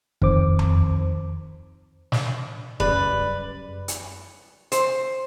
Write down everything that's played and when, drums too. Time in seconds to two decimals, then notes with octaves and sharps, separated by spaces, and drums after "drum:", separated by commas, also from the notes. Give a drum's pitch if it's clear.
0.22 F2 D#3 C5 D6, drum: kick
0.59 drum: tom E2
2.12 drum: snare
2.80 F#2 C#3 G3 B4 D5, drum: kick
3.88 drum: hi-hat
4.72 C5, drum: hi-hat